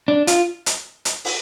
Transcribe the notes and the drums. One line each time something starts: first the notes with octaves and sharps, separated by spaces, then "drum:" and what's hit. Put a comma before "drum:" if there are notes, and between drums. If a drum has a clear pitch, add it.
D4
F4, drum: hi-hat
drum: hi-hat
drum: hi-hat
drum: open hi-hat